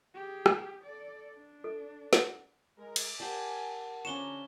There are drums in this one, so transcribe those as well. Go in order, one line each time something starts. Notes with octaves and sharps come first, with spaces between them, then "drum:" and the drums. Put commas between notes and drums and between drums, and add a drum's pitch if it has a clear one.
G4 G#4
drum: rim click
A4 D5
D4
A4
F#5, drum: snare
G#3 A#4
drum: cymbal
G4 A#4 C5 D5 F#5 G#5 A5
D3 F3 C#4 D4 C#5 A#5 E7 G7